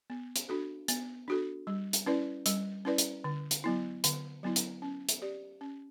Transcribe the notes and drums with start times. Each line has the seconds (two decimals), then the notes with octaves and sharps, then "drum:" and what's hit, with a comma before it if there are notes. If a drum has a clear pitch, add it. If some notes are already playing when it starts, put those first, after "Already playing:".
0.10 B3
0.36 drum: hi-hat
0.49 D4 F#4 A4
0.88 B3, drum: hi-hat
1.28 D4 F#4 A4
1.67 G3
1.93 drum: hi-hat
2.06 C#4 E4 B4 D5
2.46 G3, drum: hi-hat
2.85 C#4 E4 B4 D5
2.98 drum: hi-hat
3.24 D3
3.51 drum: hi-hat
3.64 F#3 B3 E4
4.04 D3, drum: hi-hat
4.43 F#3 B3 E4
4.56 drum: hi-hat
4.82 C#4
5.09 drum: hi-hat
5.22 G4 D5
5.61 C#4